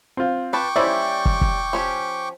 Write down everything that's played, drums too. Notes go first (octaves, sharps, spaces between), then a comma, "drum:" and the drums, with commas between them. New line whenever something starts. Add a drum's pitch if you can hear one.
C4 F4
B4 G5 A5 C#6 D6
G3 C#4 E4 C5 D5 E5
drum: kick
drum: kick
F3 C#4 G4